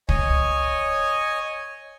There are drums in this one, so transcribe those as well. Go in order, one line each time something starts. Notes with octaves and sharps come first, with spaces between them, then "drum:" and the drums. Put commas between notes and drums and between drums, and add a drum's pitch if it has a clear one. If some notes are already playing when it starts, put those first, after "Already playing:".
C#5 D#5 G#5, drum: kick